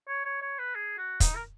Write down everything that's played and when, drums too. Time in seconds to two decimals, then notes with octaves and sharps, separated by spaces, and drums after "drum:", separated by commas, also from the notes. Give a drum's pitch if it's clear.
0.08 C#5
0.25 C#5
0.42 C#5
0.59 B4
0.75 G#4
0.98 F#4
1.20 D#4, drum: kick, hi-hat
1.35 A#4